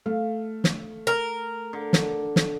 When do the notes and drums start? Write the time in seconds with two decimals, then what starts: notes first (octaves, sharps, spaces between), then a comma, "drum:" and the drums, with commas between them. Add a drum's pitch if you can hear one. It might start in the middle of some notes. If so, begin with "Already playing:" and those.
0.06 A3 F5
0.64 drum: snare
1.07 A#4
1.73 D3
1.93 drum: snare
2.36 drum: snare